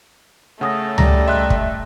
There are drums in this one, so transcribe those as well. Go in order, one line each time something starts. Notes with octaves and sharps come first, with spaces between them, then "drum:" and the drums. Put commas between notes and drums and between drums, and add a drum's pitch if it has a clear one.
C#3 A3 C#4 F#5 D#6 A#6
G3 A#5 A#6, drum: tom C#2
D#5 E5 C6 F#6
drum: kick